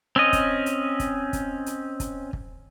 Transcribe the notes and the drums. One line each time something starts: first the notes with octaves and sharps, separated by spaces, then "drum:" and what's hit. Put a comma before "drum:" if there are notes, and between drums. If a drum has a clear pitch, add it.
C4 C#4 D#5
drum: kick, hi-hat
drum: hi-hat
drum: kick, hi-hat
drum: kick, hi-hat
drum: hi-hat
drum: kick, hi-hat
drum: kick